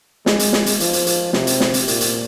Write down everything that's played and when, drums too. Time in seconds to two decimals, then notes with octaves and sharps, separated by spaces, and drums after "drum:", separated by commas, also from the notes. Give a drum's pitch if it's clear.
0.26 G#3, drum: snare
0.39 drum: hi-hat
0.53 drum: snare
0.66 drum: hi-hat
0.80 F3, drum: hi-hat
0.93 drum: hi-hat
1.07 drum: hi-hat
1.33 C3, drum: snare
1.47 drum: hi-hat
1.60 drum: snare
1.74 drum: hi-hat
1.88 A#2, drum: hi-hat
2.01 drum: hi-hat